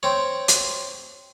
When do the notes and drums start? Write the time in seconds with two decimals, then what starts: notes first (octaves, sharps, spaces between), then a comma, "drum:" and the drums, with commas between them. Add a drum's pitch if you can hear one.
0.03 C4 C#5
0.48 drum: hi-hat